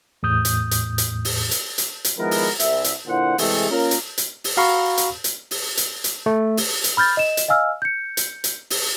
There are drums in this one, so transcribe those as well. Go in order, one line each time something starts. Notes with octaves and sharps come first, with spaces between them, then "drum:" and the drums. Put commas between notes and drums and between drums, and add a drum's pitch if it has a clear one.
E2 A2 D#6 G6
drum: hi-hat
drum: hi-hat
drum: hi-hat
drum: open hi-hat
drum: hi-hat
drum: hi-hat
drum: hi-hat
D#3 F3 G#3 B3 E4 A#4
drum: open hi-hat
C2 E5, drum: hi-hat
drum: hi-hat
A#2 D3 E4 C5 F#5
C3 E3 G#3 A3 G#4 A4, drum: open hi-hat
A#3 C#4 F4 A#4
drum: hi-hat
drum: hi-hat
drum: open hi-hat
F#4 F5 A#5 B5 C#6
drum: hi-hat
drum: hi-hat
drum: open hi-hat
drum: hi-hat
drum: hi-hat
A3
drum: open hi-hat
drum: hi-hat
B5 F6 G6 A6
D#5 E7
drum: hi-hat
D#5 F5 G#5 E6 F6
G6 C#7
drum: hi-hat
drum: hi-hat
drum: open hi-hat